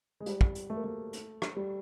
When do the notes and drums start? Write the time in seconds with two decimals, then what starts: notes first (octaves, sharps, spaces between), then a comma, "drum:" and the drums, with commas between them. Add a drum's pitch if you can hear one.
0.20 G#3
0.26 G3, drum: hi-hat
0.41 drum: kick
0.55 drum: hi-hat
0.70 A3
0.76 A#3
0.84 A3
1.13 drum: hi-hat
1.42 drum: rim click
1.56 G3